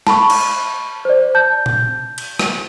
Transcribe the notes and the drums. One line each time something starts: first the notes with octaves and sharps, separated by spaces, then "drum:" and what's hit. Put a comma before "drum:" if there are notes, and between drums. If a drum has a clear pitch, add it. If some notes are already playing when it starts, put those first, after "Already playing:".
A5 B5 C#6, drum: snare
drum: cymbal
C5 D5
A5 G6
drum: tom A#2
drum: cymbal
drum: rim click